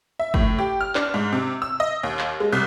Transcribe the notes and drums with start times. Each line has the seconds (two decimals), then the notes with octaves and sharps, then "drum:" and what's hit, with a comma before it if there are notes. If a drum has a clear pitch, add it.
0.19 E5
0.34 A2, drum: kick
0.59 G4
0.81 F6
0.95 D4, drum: clap
1.14 G#2
1.33 C3
1.62 E6
1.80 D#5
2.03 D#2
2.19 drum: clap
2.40 G#3
2.53 C2